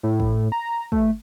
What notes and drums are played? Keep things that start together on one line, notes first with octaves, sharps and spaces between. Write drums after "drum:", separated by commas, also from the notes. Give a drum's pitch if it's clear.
A2
drum: kick
A#5
A3, drum: kick